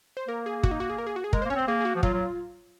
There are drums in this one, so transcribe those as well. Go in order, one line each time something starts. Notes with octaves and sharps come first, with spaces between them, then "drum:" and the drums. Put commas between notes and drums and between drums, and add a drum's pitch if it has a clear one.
C5
A#3 A#4
G#4
F#4, drum: kick
D#4
F#4
G#4
A#4
G#4
F#4
G#4
G#3 A#4, drum: kick
A#3 C5
C#4 C#5
C4 C5
A#3 G#4
G#4
F#4
F3
F#3 F4, drum: kick
F#3